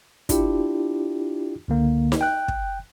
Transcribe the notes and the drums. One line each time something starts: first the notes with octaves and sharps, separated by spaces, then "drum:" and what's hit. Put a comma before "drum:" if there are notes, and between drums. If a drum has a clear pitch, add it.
D4 E4 F4 G4, drum: kick, hi-hat
C#2 D3 A#3
drum: snare D#4
G5 F#6
drum: kick